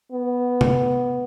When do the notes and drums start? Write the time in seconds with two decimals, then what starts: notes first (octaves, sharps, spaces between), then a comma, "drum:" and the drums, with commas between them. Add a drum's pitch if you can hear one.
0.12 B3
0.61 drum: tom C3